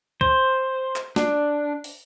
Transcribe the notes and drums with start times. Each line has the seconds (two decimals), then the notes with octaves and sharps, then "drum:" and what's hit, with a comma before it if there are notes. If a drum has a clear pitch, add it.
0.21 C5, drum: kick
0.96 drum: clap
1.16 D4, drum: snare
1.84 drum: open hi-hat